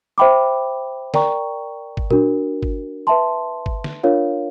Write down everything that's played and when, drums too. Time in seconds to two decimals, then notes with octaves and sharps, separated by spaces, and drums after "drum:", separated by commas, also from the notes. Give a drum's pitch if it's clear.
0.18 C5 E5 G5 B5 D6
1.14 A#4 D5 G5 A#5 C#6, drum: snare
1.97 drum: kick G1
2.11 D4 F#4 A#4, drum: tom A#2
2.63 drum: kick G1
3.07 B4 E5 A5 C6
3.66 drum: kick G1
3.84 drum: snare
4.03 D4 F4 A#4 C#5 F5